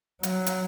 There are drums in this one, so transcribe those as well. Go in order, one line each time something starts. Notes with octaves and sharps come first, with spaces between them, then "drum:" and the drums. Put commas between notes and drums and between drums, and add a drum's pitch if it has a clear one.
F#3, drum: hi-hat
drum: hi-hat